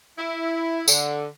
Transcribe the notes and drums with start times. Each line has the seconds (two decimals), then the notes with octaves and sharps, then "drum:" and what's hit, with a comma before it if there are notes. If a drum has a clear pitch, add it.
0.18 E4
0.88 D3, drum: tambourine